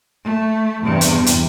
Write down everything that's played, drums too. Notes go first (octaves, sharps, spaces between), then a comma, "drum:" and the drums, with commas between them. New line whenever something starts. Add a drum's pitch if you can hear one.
A3
E2 G2 C3
drum: hi-hat
drum: hi-hat